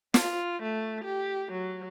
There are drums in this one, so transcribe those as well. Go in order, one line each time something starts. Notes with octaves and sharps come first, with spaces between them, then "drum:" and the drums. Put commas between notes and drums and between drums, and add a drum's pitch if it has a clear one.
F4, drum: snare
A3
G4
F#3